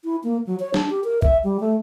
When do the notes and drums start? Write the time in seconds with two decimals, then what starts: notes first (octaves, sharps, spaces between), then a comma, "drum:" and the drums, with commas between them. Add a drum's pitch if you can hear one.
0.04 E4
0.24 A#3
0.47 F#3
0.60 C#5
0.74 D4, drum: snare
0.90 G4
1.04 A#4
1.22 E5, drum: kick B1
1.44 G3
1.60 A3